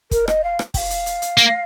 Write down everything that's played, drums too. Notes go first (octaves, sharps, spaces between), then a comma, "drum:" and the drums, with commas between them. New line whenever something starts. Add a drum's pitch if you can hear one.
A#4, drum: kick, hi-hat
D#5, drum: rim click
F5
drum: rim click
G5, drum: kick, open hi-hat
F5
drum: hi-hat
drum: hi-hat
drum: hi-hat
A#3, drum: hi-hat